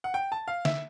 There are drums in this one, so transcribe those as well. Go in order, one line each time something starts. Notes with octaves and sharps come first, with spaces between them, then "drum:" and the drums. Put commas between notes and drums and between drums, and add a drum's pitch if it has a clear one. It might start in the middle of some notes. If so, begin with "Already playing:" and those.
F#5
G5
A5
F5
E5, drum: snare